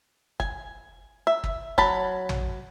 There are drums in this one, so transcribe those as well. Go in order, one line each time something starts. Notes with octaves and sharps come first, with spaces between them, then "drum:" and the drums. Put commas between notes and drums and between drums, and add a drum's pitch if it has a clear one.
G#5, drum: kick
E5
drum: kick
F#3 A5 B5, drum: kick
drum: tom